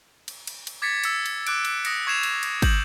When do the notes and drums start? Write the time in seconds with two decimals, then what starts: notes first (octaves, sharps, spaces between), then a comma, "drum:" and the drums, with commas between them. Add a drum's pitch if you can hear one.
0.28 drum: cymbal
0.47 drum: cymbal
0.67 drum: cymbal
0.82 D6 G#6 A6 B6 C#7
1.04 E6 C#7, drum: cymbal
1.26 drum: cymbal
1.47 D6 F#6 D7, drum: cymbal
1.65 drum: cymbal
1.85 D#6 A#6 C#7, drum: cymbal
2.07 C#6 G#6 C7 E7 F7
2.23 drum: cymbal
2.43 drum: cymbal
2.62 G6 F#7, drum: kick, cymbal